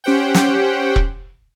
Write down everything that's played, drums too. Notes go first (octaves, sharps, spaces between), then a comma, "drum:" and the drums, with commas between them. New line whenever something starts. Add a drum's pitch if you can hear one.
C#4 G4 C5 F#5 G5
drum: snare
drum: kick E1